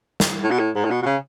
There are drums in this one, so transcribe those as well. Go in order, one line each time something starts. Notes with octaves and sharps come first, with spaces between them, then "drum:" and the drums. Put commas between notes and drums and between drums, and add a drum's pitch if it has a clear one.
drum: snare
A2
B2
A2
G#2
A2
B2
B2
C#3